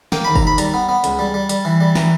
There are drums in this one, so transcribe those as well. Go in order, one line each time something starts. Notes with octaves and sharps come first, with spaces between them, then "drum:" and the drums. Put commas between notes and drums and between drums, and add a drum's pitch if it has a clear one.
A#3 G5, drum: snare
D#2 B5
A#5, drum: kick
D#2 B5
G3 A#5, drum: hi-hat
B3
B3
C#2, drum: hi-hat
G3
G3
G3, drum: hi-hat
E3
G3
E3 A#5, drum: snare